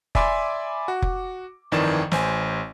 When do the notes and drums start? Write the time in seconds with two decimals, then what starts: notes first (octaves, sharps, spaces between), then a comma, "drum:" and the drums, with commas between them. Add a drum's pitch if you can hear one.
0.15 D5 E5 G#5 B5 C6 D6, drum: kick F1
0.88 F#4
1.02 drum: kick F1
1.72 G1 F2 D#3 E3 D5 E7
2.12 A1 C5 G#5, drum: snare